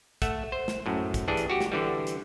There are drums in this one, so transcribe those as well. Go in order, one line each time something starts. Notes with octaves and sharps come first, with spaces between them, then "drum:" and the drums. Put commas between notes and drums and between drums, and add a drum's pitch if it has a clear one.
A3 E5 F#5, drum: kick, hi-hat
C5
drum: snare
F#2 A2
drum: kick, hi-hat
G2 E3 D4 G#4
drum: hi-hat
F#4 G4
drum: snare
D3 E3 G3
drum: hi-hat